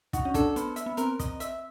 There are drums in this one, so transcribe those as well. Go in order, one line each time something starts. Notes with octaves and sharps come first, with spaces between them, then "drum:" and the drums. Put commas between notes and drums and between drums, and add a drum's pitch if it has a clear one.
D#4 F#4, drum: kick, hi-hat
C#4
D4 A4, drum: kick, hi-hat
B3 C5, drum: hi-hat
E5, drum: hi-hat
B3
C4 A#4, drum: hi-hat
D#5, drum: kick, hi-hat
E5, drum: hi-hat